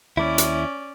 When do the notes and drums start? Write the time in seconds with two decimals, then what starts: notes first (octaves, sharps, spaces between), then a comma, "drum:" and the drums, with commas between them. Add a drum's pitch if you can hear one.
0.17 D#2 C#4 E4 D5
0.38 drum: hi-hat